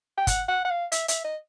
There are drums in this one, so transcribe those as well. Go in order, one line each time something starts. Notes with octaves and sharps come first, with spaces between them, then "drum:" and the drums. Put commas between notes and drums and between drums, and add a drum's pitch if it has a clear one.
G5
F#5, drum: kick, hi-hat
F#5
F#5
F5
E5, drum: hi-hat
E5, drum: hi-hat
D#5